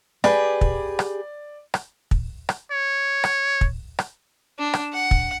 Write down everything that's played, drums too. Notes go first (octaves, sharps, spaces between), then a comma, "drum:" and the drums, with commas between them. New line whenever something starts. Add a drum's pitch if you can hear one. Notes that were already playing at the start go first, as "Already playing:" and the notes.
G4 G#4 B4 D5, drum: rim click
drum: kick
drum: rim click
drum: rim click
drum: kick
drum: rim click
C#5
drum: rim click
drum: kick
drum: rim click
D4
drum: rim click
F#5
drum: kick